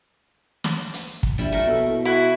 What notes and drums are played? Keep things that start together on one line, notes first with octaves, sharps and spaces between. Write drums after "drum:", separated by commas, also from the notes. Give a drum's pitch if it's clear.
drum: snare
drum: hi-hat
drum: kick
A#1 G3 E4
A3 A#4
B2 A4
E4
E4 F#4